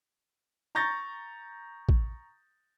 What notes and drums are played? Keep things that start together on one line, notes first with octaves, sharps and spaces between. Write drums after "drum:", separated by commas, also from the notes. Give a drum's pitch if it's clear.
A#5 C#6 G6 A6 A#6
drum: kick